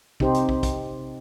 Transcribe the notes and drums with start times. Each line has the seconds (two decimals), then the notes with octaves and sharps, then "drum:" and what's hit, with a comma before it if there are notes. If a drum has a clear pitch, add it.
0.20 C3 D#4 G4 C5, drum: kick
0.34 drum: hi-hat
0.49 drum: kick
0.63 drum: kick, hi-hat